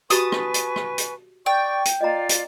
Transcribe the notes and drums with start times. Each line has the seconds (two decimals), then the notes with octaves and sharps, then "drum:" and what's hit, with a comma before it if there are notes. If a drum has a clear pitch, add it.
0.10 F#4 G4 B4 G#5 A5 C#6 D#6, drum: hi-hat
0.32 drum: rim click
0.54 drum: hi-hat
0.76 drum: rim click
0.98 drum: hi-hat
1.46 D5 G5 C#6
1.85 drum: hi-hat
2.01 F4 D5 D#5 A#5
2.29 drum: hi-hat